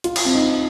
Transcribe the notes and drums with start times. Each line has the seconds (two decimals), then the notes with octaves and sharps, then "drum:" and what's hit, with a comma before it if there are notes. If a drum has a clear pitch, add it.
0.04 F4, drum: hi-hat
0.16 drum: cymbal
0.25 C4
0.35 D#4